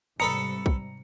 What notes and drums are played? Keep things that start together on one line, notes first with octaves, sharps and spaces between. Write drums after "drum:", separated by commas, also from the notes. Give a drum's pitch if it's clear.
G#2 C3 G3 A4 B4 A#5 D#6 C#7
drum: kick